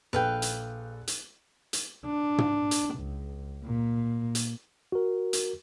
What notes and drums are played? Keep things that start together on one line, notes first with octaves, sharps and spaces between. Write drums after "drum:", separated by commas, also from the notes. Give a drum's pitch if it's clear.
A#1 A4 B4 F5 G5 F#6
drum: hi-hat
drum: hi-hat
drum: hi-hat
D4
drum: tom
drum: hi-hat
C#2
A#2
drum: hi-hat
F#4 A#4
drum: hi-hat